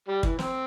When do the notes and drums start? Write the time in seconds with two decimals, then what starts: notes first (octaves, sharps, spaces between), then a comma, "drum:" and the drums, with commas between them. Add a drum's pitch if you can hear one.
0.08 G3
0.23 E3, drum: kick
0.39 C4, drum: snare